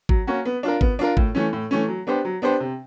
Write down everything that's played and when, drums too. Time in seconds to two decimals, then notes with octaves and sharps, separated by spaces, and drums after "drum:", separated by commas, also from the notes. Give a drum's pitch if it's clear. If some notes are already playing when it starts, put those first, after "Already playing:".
0.09 F#3, drum: kick
0.27 A#3 C#4 F#4
0.45 B3
0.63 D4 F4 A#4
0.81 B3, drum: kick
0.99 D4 F4 A#4
1.17 A2, drum: kick
1.35 E3 A3 C#4
1.53 A2
1.71 E3 A3 C#4
1.88 F#3
2.07 B3 D4 G4 C5
2.25 F#3
2.42 B3 D4 G4 C5
2.60 C3